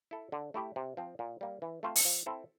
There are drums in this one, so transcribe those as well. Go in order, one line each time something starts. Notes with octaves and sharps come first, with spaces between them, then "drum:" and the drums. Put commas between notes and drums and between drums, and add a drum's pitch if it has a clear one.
E4 A4
D3
A3 E4 G4
C3
F3 C4
A#2
G3 A#3
E3
A3 C4 F4 C5
drum: open hi-hat
F3
C4 E4 A4